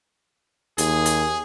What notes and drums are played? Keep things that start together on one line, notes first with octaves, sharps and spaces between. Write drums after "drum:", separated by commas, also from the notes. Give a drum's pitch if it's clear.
D#2 G#4, drum: hi-hat
drum: hi-hat